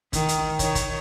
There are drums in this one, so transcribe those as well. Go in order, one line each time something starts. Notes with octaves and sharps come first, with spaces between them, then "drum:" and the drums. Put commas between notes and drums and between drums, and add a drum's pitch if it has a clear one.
D#3, drum: kick, hi-hat
drum: hi-hat
D#3 C#5, drum: kick, hi-hat
drum: kick, hi-hat